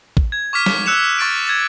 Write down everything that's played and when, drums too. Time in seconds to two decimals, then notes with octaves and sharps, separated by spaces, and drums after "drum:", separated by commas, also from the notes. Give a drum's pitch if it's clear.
0.17 drum: kick A1
0.32 G#6
0.53 C#6 D6 F6 B6 D#7
0.66 drum: snare
0.86 E6 F#6 C#7 E7 F7
1.18 C#6 A6 B6 D7
1.47 G#6 A6